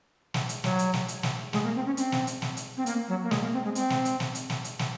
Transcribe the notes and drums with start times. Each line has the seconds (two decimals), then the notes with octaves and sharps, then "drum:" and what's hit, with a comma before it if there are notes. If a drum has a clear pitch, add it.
0.34 drum: snare
0.49 drum: hi-hat
0.64 F#3, drum: snare
0.79 drum: hi-hat
0.93 drum: snare
1.08 drum: hi-hat
1.23 drum: snare
1.53 G#3, drum: snare
1.64 A#3
1.75 C4
1.86 C#4
1.97 C4, drum: hi-hat
2.12 drum: snare
2.27 drum: hi-hat
2.42 drum: snare
2.57 drum: hi-hat
2.77 C4
2.86 A#3, drum: hi-hat
3.09 F#3
3.24 A#3
3.31 G#3, drum: snare
3.42 A#3
3.53 C4
3.64 G#3
3.75 C4, drum: hi-hat
3.90 drum: snare
4.05 drum: hi-hat
4.20 drum: snare
4.35 drum: hi-hat
4.50 drum: snare
4.64 drum: hi-hat
4.79 drum: snare